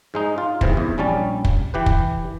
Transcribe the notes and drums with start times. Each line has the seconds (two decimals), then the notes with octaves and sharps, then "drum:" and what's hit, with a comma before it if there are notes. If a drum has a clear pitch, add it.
0.14 G#2 G#3 D#4
0.38 F4
0.61 G#2 C3 E3, drum: kick
0.77 E2
0.98 A#1 G3 C#4 A5
1.45 drum: kick
1.74 E3 G4 B4
1.86 drum: kick